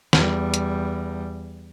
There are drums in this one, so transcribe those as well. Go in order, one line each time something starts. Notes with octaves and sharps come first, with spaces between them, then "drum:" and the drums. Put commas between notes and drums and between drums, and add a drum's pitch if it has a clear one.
E2 G3, drum: snare
drum: hi-hat